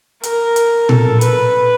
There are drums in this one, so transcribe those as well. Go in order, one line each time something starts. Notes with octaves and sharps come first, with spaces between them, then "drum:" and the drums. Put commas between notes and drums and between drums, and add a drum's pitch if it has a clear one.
A#4, drum: hi-hat
drum: hi-hat
A4, drum: tom A#2
B4, drum: hi-hat